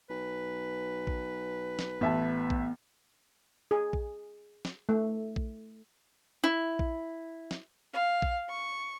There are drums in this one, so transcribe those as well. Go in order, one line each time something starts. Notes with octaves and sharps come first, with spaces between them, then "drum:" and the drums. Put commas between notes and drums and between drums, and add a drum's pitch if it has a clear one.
B1 B4
drum: kick A#1
drum: snare
A1 B3 E5 A5
drum: kick A#1
G#4
drum: kick A#1
drum: snare
A3
drum: kick A#1
E4
drum: kick A#1
drum: snare
F5
drum: kick A#1
C#6